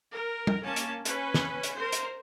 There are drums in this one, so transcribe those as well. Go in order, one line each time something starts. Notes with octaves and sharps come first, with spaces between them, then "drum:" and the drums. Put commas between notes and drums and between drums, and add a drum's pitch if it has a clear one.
A#4
drum: tom G3
A#3 C#4 A5
drum: hi-hat
C#4 B4, drum: hi-hat
drum: snare
drum: hi-hat
A#4 C5
drum: hi-hat